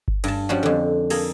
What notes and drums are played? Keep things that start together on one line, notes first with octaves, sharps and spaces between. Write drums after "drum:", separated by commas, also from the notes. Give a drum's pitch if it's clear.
drum: kick G1
G2 A5, drum: cymbal
F3 G3 C#4 F#4
F2 D3
A#3 G#4 A4, drum: cymbal